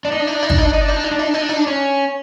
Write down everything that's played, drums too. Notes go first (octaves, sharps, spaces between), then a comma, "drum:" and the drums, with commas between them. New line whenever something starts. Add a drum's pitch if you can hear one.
D4
D#4
D4
D#4
D4
D#4
D4, drum: kick
D#4
D4
D#4
D4
D#4
D4
D#4
D4
D#4
D4
D#4
D4
D#4
D4
C#4